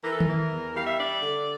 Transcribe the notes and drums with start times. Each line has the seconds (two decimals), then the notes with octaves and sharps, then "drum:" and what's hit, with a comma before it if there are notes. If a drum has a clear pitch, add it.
0.04 E3 A#4
0.12 A4
0.20 A#4, drum: tom D#3
0.27 E3
0.51 E2
0.75 G3 F5
0.87 E5
0.98 D4 D5
1.22 D3